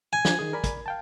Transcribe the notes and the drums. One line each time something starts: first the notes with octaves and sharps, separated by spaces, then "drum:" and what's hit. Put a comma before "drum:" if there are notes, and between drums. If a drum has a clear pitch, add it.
G#5
F3 G#6, drum: snare
D#3 G#4
A#4 D5 B5
drum: kick, hi-hat
F5 G5 A5